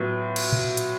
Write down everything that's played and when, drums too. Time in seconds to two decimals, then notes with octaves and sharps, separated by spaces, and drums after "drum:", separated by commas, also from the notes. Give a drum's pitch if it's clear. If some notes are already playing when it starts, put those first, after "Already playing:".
Already playing: A2 F#3 B3 F4
0.36 drum: cymbal
0.52 drum: tom A#2
0.77 drum: hi-hat